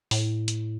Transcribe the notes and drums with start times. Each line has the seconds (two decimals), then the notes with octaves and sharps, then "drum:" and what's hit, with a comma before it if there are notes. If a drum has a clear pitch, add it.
0.11 A2, drum: open hi-hat
0.48 drum: hi-hat